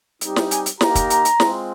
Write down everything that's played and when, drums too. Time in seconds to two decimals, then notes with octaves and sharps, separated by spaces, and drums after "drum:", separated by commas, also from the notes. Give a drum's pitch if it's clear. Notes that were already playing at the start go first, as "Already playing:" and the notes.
0.21 G3 C4 D#4 G4, drum: hi-hat
0.36 drum: snare
0.51 G#5, drum: hi-hat
0.66 drum: hi-hat
0.81 A#3 D#4 G4 A#5, drum: snare
0.95 drum: kick, hi-hat
1.10 drum: hi-hat
1.25 drum: hi-hat
1.40 G#3 C4 F4, drum: snare